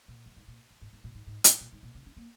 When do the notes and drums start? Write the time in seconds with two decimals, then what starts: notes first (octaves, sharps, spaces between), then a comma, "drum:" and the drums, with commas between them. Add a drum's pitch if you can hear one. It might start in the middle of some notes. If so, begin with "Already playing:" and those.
0.08 A#2
0.26 F#2
0.36 G#2
0.48 A#2
0.71 F#2
0.82 G#2
0.93 G#2
1.04 A#2
1.15 G#2
1.27 G#2
1.44 G#2, drum: hi-hat
1.61 A#2
1.72 G#2
1.83 A#2
1.95 C#3
2.06 C#4
2.17 A#3